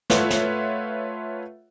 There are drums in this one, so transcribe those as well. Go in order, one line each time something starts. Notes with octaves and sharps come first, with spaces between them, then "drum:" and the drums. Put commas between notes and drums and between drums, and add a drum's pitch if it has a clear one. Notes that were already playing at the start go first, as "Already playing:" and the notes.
A3 F4 B4 C#5 E5 F#5, drum: snare
drum: snare